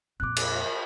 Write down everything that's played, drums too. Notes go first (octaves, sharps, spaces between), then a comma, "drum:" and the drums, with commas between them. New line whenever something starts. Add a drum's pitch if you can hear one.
F2 A#2 D6 F#6
drum: cymbal